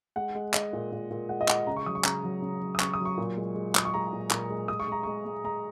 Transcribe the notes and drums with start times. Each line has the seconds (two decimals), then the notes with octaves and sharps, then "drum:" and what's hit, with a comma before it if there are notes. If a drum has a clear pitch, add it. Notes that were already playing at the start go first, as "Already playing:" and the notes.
0.16 G#3 F#5
0.35 G#3
0.54 G#3 D#5, drum: clap
0.73 A#2
0.92 A#2
1.10 A#2
1.29 G#3 F#5
1.41 D#5
1.48 G#3 F#5, drum: clap
1.67 C#3 A#5
1.77 C#6
1.86 F#3 D#6
1.95 C#6
2.04 C#3 A#5, drum: clap
2.24 F#3
2.42 C#3
2.61 F#3
2.75 D#6
2.80 C#3 C#6, drum: clap
2.94 D#6
3.00 F#3
3.05 C#6
3.18 A#2
3.37 G#3
3.55 G#3
3.75 G#3 D#6, drum: clap
3.85 C#6
3.94 G#3 A#5
4.13 A#2
4.31 A#2, drum: clap
4.50 G#3
4.68 G#3 D#6
4.80 C#6
4.87 G#3 A#5
5.03 G#3 C#6
5.26 G#3
5.44 G#3 A#5